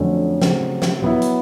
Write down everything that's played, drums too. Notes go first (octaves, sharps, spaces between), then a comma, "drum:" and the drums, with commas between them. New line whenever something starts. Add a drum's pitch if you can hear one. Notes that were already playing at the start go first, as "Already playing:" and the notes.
Already playing: F2 D3 F#3 A3 C#4
C#3 F#3 A3 C4, drum: snare
drum: snare
F#3 B3 E4
drum: hi-hat